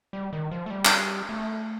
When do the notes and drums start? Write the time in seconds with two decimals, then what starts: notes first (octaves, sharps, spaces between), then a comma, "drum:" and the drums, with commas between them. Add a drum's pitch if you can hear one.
0.13 G3
0.33 D#3
0.51 F3
0.66 A3
0.70 G3
0.85 drum: clap
1.29 A3